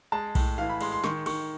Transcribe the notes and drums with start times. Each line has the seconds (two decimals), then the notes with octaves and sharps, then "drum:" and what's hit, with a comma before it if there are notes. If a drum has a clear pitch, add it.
0.12 G#3 A5
0.35 A2, drum: kick B1, cymbal
0.58 E3 F5
0.69 B5
0.81 G#3 C6, drum: cymbal
0.92 C6
1.04 D#3 C#6, drum: snare
1.26 D#3 C#6, drum: cymbal